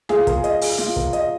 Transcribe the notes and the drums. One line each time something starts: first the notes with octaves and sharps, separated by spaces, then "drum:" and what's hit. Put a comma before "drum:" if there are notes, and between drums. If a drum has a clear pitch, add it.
F4 G#4, drum: snare
A#3, drum: kick, hi-hat
D#5, drum: hi-hat
G#4, drum: open hi-hat
F4, drum: snare
A#3, drum: kick
D#5, drum: hi-hat